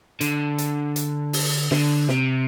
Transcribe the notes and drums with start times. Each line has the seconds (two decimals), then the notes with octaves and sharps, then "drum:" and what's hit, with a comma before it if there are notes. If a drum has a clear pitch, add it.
0.21 D3, drum: hi-hat
0.58 drum: hi-hat
0.96 drum: hi-hat
1.33 drum: open hi-hat
1.71 D3, drum: snare
2.08 C3, drum: snare